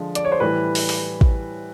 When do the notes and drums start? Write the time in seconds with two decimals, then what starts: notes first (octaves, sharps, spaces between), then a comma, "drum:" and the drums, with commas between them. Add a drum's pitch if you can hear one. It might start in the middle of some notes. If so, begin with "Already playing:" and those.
Already playing: D3 F3 G#3
0.15 D5, drum: hi-hat
0.25 C#5
0.32 C5
0.40 A2 E3 G3 B4
0.75 drum: open hi-hat
0.89 drum: open hi-hat
1.21 drum: kick A1